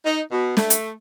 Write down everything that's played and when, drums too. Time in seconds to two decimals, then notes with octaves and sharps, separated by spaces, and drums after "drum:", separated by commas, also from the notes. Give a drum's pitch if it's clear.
0.05 D#4
0.31 B2
0.57 A3, drum: snare
0.70 drum: hi-hat